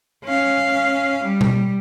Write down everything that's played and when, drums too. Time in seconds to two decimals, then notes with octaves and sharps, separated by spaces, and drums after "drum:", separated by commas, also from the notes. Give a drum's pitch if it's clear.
0.24 C#4 F5
1.24 G3
1.41 drum: tom B2